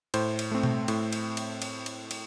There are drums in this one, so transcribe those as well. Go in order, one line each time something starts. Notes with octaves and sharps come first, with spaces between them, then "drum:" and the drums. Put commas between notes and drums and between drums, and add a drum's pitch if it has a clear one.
A2 C5, drum: cymbal
drum: cymbal
A3 C4
drum: tom B2
A2, drum: cymbal
drum: cymbal
drum: cymbal
drum: cymbal
drum: cymbal
drum: cymbal